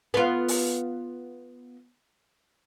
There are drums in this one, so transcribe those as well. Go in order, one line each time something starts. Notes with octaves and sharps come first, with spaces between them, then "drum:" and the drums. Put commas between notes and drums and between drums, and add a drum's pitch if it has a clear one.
B3 F4
drum: open hi-hat